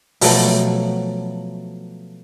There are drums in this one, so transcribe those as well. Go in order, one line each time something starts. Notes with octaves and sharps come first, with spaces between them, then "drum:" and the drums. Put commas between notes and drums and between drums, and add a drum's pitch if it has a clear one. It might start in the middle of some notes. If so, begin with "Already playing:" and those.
B2 F3 F#3 A3, drum: open hi-hat